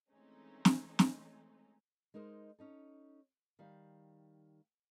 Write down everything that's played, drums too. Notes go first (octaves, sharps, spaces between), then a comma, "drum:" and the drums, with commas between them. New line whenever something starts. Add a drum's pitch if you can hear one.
E3 G#3 A3 C4 C#4 D#4
drum: snare
drum: snare
G#3 D#4 A#4 C5 D#5
C#4 D#4 A4
D#3 G3 F5